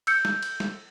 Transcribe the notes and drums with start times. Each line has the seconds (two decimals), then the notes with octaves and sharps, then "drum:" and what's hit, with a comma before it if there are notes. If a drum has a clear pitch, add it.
0.07 E6 G6 C#7, drum: cymbal
0.25 drum: snare
0.43 drum: cymbal
0.60 drum: snare